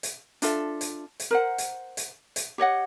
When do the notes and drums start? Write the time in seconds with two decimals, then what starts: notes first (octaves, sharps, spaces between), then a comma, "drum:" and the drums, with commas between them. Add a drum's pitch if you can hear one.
0.03 drum: hi-hat
0.42 D4 F4 A4 E5, drum: hi-hat
0.81 drum: hi-hat
1.20 drum: hi-hat
1.31 A#4 C5 F#5
1.58 drum: hi-hat
1.97 drum: hi-hat
2.36 drum: hi-hat
2.58 G4 C#5 D#5 F#5